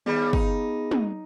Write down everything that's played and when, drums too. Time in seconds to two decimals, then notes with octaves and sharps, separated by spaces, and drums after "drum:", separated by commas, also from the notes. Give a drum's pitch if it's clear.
0.06 D#2 G3 B3 G#4 B5
0.33 D#4, drum: kick
0.91 drum: tom